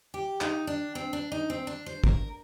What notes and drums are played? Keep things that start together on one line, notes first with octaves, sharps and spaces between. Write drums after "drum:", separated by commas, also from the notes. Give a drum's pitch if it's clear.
G4
D#4, drum: clap
D4
C4
D4
D#4
C4
D4
C5
A#4, drum: kick